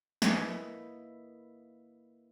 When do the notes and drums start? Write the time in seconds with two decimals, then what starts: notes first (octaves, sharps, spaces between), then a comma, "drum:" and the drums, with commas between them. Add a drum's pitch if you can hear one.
0.22 A#3 E4 B4 D#5 E5, drum: snare